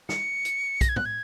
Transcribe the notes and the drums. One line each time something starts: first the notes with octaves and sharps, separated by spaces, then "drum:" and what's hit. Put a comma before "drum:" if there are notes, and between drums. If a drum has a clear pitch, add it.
C#7, drum: snare
drum: hi-hat
A#6, drum: kick, hi-hat
G#6
F#6, drum: tom A2
G#6